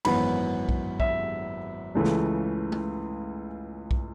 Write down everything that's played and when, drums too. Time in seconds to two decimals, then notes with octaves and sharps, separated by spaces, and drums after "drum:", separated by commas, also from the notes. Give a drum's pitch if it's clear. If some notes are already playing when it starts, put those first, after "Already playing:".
0.05 G#1 F#2 E3 B3 B5, drum: cymbal
0.69 drum: kick B1
1.00 E5, drum: kick B1
1.95 C#2 C#3 E3 A3
2.04 drum: snare
2.72 drum: tom G#3
3.91 drum: kick B1